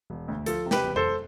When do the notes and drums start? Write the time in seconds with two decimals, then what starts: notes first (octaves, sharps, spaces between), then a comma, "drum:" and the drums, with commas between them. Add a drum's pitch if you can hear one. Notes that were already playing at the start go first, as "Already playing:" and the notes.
0.10 E1
0.28 D2
0.46 F3 A4, drum: hi-hat
0.66 C3
0.71 G4 B4, drum: snare
0.84 E1
0.96 A4 C5, drum: tom F2